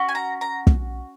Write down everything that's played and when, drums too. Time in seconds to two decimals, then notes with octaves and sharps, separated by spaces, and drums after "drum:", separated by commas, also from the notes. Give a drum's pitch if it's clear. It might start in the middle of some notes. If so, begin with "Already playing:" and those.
Already playing: C#4 F#4
0.09 G#5
0.15 A#5
0.41 A#5
0.67 drum: kick